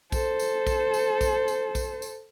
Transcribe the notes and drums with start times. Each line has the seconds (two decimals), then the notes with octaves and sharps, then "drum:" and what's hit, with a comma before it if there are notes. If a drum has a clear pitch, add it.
0.12 A4 C5, drum: kick A#1, tambourine
0.39 drum: tambourine
0.67 drum: kick A#1, tambourine
0.94 drum: tambourine
1.21 drum: kick A#1, tambourine
1.48 drum: tambourine
1.75 drum: kick A#1, tambourine
2.02 drum: tambourine